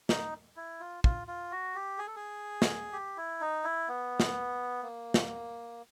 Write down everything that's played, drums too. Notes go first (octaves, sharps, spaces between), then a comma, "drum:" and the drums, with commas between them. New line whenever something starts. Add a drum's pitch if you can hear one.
D#4, drum: snare
E4
F4
F4, drum: kick
F4
F#4
G4
G#4
A4
G#4
drum: snare
G4
E4
D#4
E4
B3
drum: snare
A#3
drum: snare